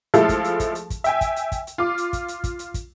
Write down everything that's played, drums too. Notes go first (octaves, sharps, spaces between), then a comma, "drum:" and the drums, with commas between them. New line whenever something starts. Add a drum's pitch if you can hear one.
F3 G#3 A3 E4 A4 F5, drum: hi-hat
drum: kick, hi-hat
drum: hi-hat
drum: kick, hi-hat
drum: hi-hat
drum: kick, hi-hat
E5 G5 G#5, drum: hi-hat
drum: kick, hi-hat
drum: hi-hat
drum: kick, hi-hat
drum: hi-hat
F4 D6
drum: hi-hat
drum: kick, hi-hat
drum: hi-hat
drum: kick, hi-hat
drum: hi-hat
drum: kick, hi-hat